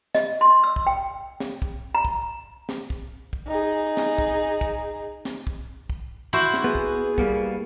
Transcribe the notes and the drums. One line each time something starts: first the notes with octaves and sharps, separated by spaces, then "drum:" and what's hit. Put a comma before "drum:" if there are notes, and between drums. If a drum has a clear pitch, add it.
D#5, drum: snare
C6
E6
drum: kick
G5
drum: snare
drum: kick
A#5
drum: kick
drum: snare
drum: kick
drum: kick
D#4 G#4
drum: snare
drum: kick
drum: kick
drum: snare
drum: kick
drum: kick
E4 F#4 C5
drum: snare
B3 G#4
drum: kick
G3 A#3 B3, drum: kick